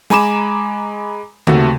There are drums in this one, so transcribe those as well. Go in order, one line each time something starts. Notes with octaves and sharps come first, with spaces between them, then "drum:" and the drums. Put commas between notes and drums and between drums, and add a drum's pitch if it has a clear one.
G#3 G#5 A#5 B5 D6 E7, drum: snare
D#2 C3 A3 F#4 A4, drum: tom C#3